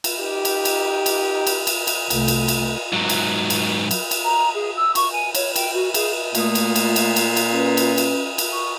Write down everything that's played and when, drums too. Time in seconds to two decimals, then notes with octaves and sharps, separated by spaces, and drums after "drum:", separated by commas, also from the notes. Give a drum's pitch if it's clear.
0.04 drum: cymbal
0.18 D#4 G4
0.45 drum: cymbal
0.65 drum: cymbal
1.06 drum: cymbal
1.47 drum: cymbal
1.67 drum: cymbal
1.87 drum: cymbal
2.10 C2 A3, drum: cymbal
2.28 drum: cymbal
2.48 drum: cymbal
2.93 G#2 F#3
3.09 drum: cymbal
3.50 drum: cymbal
3.91 drum: cymbal
4.11 drum: cymbal
4.24 A#5
4.55 G#4
4.76 E6
4.95 C#6, drum: cymbal
5.12 G#5
5.35 C#5, drum: cymbal
5.56 G5, drum: cymbal
5.74 F#4
5.94 G#4, drum: cymbal
6.35 A#2 A3 D#6, drum: cymbal
6.55 drum: cymbal
6.76 drum: cymbal
6.96 drum: cymbal
7.16 drum: cymbal
7.37 drum: cymbal
7.52 C#4 B4
7.77 drum: cymbal
7.98 drum: cymbal
8.38 drum: cymbal
8.52 C#6